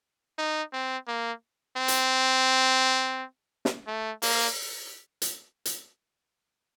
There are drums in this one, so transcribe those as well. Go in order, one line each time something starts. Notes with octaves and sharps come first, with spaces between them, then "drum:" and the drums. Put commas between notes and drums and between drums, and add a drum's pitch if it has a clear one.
D#4
C4
A#3
C4
drum: hi-hat
drum: snare
A3
A#3, drum: open hi-hat
drum: hi-hat
drum: hi-hat